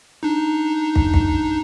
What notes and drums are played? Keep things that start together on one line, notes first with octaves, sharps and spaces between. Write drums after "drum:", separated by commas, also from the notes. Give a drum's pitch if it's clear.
D4 D#4
drum: kick
drum: kick